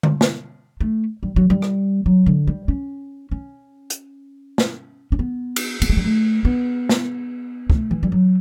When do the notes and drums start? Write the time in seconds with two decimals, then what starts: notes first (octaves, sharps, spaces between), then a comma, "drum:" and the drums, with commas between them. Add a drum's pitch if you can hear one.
0.03 drum: tom D3
0.21 drum: snare
0.81 A3
1.23 G3
1.36 F#3
1.50 G3
1.62 drum: rim click
2.06 F#3
2.26 D3
2.47 G3
2.68 C#4
3.31 C#4
3.90 drum: hi-hat
4.58 drum: snare
5.12 C#4
5.19 B3
5.56 drum: cymbal
5.82 B3, drum: cymbal
5.89 A3
5.97 G3
6.04 A3
6.45 B3
6.89 drum: snare
7.70 A3, drum: kick
7.91 E3
8.03 G3
8.12 F#3